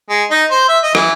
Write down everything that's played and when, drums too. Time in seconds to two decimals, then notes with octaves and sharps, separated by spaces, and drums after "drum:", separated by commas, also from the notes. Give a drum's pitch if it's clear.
0.10 G#3
0.31 D#4
0.51 C5
0.69 E5
0.84 D#5
0.95 E3, drum: rim click